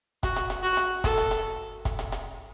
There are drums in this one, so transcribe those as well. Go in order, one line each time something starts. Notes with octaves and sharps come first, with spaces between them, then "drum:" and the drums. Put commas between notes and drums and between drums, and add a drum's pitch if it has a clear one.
F#4, drum: kick, hi-hat
drum: hi-hat
drum: hi-hat
F#4
drum: hi-hat
A4, drum: kick, hi-hat
drum: hi-hat
drum: hi-hat
drum: kick, hi-hat
drum: hi-hat
drum: hi-hat